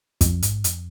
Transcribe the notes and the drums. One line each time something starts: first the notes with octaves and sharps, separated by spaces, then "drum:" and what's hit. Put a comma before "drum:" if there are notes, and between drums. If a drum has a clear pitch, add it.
F2, drum: kick, hi-hat
G#2, drum: hi-hat
F2, drum: hi-hat